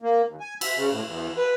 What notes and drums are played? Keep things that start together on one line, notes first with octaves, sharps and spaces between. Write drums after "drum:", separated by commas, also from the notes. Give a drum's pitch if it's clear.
A#3
D#2
G#5
E5, drum: cymbal
C#3
A2
E2
B4